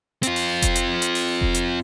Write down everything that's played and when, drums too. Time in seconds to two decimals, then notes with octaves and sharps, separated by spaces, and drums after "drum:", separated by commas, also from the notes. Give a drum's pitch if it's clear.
0.23 C4 F4, drum: hi-hat
0.36 drum: open hi-hat
0.62 drum: kick F1, hi-hat
0.76 drum: hi-hat
1.02 drum: hi-hat
1.15 drum: open hi-hat
1.41 drum: kick F1
1.55 drum: hi-hat